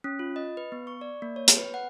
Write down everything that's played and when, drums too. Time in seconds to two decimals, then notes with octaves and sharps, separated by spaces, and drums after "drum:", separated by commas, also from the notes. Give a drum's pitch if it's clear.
0.04 C#4
0.19 F4
0.36 D#5
0.57 B4
0.72 B3
0.87 C#6
1.01 D5
1.22 A#3
1.36 C#5
1.48 drum: hi-hat
1.57 B4
1.74 F#5